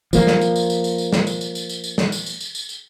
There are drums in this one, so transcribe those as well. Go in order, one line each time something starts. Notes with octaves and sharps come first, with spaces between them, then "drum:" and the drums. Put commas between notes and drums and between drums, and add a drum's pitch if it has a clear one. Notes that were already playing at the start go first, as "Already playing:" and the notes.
F3 A#3, drum: tambourine
drum: snare
drum: tambourine
drum: tambourine
drum: tambourine
drum: tambourine
drum: tambourine
drum: snare
drum: tambourine
drum: tambourine
drum: tambourine
drum: tambourine
drum: tambourine
drum: snare
drum: tambourine
drum: tambourine
drum: tambourine
drum: tambourine
drum: tambourine